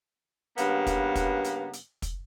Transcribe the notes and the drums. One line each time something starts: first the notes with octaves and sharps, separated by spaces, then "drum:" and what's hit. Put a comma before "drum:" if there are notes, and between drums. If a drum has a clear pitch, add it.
G2 C#3 A#3 B3, drum: hi-hat
drum: kick, hi-hat
drum: kick, hi-hat
drum: hi-hat
drum: hi-hat
drum: kick, hi-hat